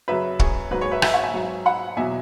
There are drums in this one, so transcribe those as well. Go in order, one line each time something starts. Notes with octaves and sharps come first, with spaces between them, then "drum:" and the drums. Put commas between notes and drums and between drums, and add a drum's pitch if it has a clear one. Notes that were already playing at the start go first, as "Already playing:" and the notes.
F#2 C#3 F#3 B4 E5
G#4 C#5, drum: kick
G#2 F#3 F#4 B4
G#4 C#5
B4 E5
E5 G#5, drum: rim click
C#5 F#5
E5 G#5
G#2 F#3
F#5 B5
E2 B2 F#3 E5 G#5